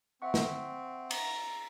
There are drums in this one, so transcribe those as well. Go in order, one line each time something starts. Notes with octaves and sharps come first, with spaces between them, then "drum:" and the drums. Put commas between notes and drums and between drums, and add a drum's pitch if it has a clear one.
C4 E5 F#5 C#6
drum: snare
A#5, drum: cymbal